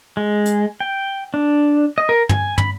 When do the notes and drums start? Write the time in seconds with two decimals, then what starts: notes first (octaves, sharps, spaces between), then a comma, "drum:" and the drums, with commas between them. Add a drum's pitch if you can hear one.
0.17 G#3
0.46 drum: hi-hat
0.80 G5
1.34 D4
1.98 D#5
2.09 A#4
2.29 G#5, drum: tom
2.58 B5, drum: tom